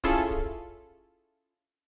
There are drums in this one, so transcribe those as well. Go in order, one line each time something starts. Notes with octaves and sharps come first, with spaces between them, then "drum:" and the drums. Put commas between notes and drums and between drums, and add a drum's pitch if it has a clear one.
C#4 E4 F4 G#4 A4, drum: kick
drum: kick